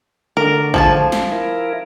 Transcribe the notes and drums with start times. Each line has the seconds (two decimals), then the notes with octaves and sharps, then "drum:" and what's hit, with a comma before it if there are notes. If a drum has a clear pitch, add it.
0.37 D3 A3 A#4
0.74 F3 G#4 A5, drum: kick
1.12 drum: snare
1.32 E4 A#4